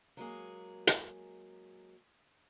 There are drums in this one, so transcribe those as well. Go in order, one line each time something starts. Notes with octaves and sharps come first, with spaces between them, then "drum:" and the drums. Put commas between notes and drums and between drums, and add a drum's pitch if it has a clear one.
F#3 G#3 A#3 G#4
drum: hi-hat